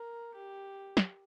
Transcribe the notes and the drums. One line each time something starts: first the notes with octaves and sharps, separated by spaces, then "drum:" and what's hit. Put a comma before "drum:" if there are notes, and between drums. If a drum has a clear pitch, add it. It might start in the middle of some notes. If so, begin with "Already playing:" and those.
Already playing: A#4
G4
drum: snare